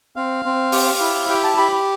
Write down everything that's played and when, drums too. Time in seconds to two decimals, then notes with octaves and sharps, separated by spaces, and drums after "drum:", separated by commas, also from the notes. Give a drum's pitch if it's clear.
0.16 C4 F5
0.45 C4
0.72 G4, drum: open hi-hat
1.00 E4
1.30 G4 G5
1.44 A5
1.57 G4 B5